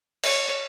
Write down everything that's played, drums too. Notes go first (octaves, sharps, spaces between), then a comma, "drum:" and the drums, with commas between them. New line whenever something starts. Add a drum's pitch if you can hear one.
C#5, drum: cymbal